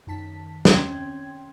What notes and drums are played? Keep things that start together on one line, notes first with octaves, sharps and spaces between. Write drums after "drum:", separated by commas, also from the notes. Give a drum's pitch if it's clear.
F#2 D#3 A5 B6
C3 C#4 G5 C6 G#6, drum: snare